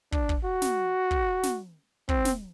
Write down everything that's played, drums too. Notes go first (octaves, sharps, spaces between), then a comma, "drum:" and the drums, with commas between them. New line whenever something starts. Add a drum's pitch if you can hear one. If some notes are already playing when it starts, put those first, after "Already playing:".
D4, drum: kick
drum: kick
F#4
drum: snare
drum: kick
drum: snare
C4, drum: kick
drum: snare